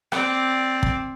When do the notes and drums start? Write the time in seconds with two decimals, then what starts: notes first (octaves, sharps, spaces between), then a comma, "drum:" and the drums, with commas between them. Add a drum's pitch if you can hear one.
0.12 C4 D5, drum: rim click
0.83 drum: kick